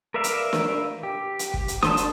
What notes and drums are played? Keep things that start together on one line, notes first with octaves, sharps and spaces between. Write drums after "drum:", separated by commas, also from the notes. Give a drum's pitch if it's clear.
A#4 B4 D5 E5 F5
drum: hi-hat
drum: snare
G4
drum: hi-hat
drum: kick
drum: hi-hat
A5 C6 D#6, drum: snare
drum: hi-hat